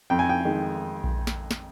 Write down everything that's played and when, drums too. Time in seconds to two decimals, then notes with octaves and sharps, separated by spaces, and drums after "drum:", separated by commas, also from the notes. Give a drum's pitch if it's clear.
0.10 F2 G5
0.19 G#5
0.29 G5
0.45 D#3 G#3
1.04 drum: kick A#1
1.27 drum: snare
1.51 drum: snare